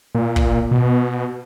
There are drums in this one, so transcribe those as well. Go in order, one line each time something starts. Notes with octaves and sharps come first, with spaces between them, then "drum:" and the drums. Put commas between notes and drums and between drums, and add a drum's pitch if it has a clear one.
A#2
drum: kick
B2